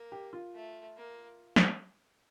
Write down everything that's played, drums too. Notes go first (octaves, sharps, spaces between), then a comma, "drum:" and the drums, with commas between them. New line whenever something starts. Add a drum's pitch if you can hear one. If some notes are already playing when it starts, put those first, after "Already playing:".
Already playing: A#3
G4
F4
A3
A#3
drum: snare